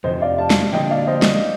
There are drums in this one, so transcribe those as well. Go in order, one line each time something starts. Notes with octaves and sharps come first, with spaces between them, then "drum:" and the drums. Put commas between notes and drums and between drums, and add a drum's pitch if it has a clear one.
F2 C3 F3 C5 D#5
D5 F5
F5 A5
drum: snare
D3 F3 A#3 D4 D#5 G5
D5 F5
C5 D#5
drum: snare